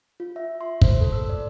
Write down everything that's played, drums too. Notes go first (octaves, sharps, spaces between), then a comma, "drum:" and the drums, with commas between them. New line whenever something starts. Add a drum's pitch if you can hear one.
F4
E5
C6
C5, drum: kick
A4
E6
D5